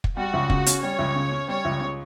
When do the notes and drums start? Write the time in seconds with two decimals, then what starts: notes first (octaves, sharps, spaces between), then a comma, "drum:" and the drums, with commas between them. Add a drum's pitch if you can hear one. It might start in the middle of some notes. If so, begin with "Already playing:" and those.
0.04 drum: kick
0.16 G3 F#4
0.33 C#2
0.50 C#3, drum: kick
0.66 C#4, drum: hi-hat
0.82 G3 C#5
0.99 C#2
1.15 C#3
1.31 C#4
1.48 G3 C#5
1.65 C#2
1.81 C#3